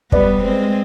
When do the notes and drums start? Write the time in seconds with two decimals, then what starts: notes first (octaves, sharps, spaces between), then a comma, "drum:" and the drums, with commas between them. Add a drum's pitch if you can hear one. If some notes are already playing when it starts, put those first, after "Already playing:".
0.12 G3 B3 B4 D5, drum: kick
0.43 G#3 C4